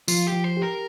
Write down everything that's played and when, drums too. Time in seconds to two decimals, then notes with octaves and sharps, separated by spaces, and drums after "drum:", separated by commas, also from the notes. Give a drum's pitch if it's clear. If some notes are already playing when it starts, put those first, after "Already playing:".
0.08 F3 F4, drum: tambourine
0.27 G4
0.32 F3
0.44 C5
0.57 G4
0.63 A#4